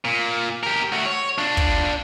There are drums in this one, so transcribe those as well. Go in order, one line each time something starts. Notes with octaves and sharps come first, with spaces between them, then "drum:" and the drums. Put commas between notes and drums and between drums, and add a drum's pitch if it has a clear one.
A#2
G4 A#4
A3 F#4
C#5
D4 F4
drum: kick